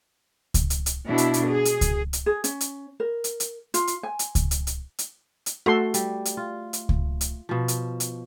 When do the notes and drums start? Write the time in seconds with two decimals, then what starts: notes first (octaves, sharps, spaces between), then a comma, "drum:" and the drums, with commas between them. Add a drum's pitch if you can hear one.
0.54 drum: kick C#2, hi-hat
0.70 drum: hi-hat
0.86 drum: hi-hat
1.08 B2 D4 E4
1.18 drum: hi-hat
1.34 drum: hi-hat
1.46 G#4
1.65 drum: hi-hat
1.81 drum: kick C#2, hi-hat
2.13 drum: hi-hat
2.26 G#4
2.44 C#4, drum: hi-hat
2.61 drum: hi-hat
3.00 A#4
3.24 drum: hi-hat
3.40 drum: hi-hat
3.74 F4, drum: hi-hat
3.87 drum: hi-hat
4.03 G#5
4.19 drum: hi-hat
4.35 drum: kick C#2, hi-hat
4.51 drum: hi-hat
4.67 drum: hi-hat
4.99 drum: hi-hat
5.46 drum: hi-hat
5.66 A3 F#4 A4 C6
5.94 G3, drum: hi-hat
6.25 drum: hi-hat
6.37 F4
6.73 drum: hi-hat
6.89 drum: kick C#2
7.21 drum: hi-hat
7.49 B2 F3
7.68 drum: hi-hat
8.00 drum: hi-hat